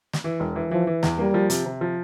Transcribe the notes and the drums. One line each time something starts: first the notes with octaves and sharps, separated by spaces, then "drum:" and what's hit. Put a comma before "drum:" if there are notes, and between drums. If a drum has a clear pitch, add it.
drum: snare
E3
E1
E3
E3 F3
E3
E2, drum: snare
G3 A#3
F3
C3, drum: hi-hat
C3
F3